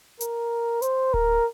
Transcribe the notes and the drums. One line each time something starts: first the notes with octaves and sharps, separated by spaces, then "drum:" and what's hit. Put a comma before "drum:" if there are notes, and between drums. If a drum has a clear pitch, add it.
A#4, drum: hi-hat
C5, drum: hi-hat
A#4, drum: kick D1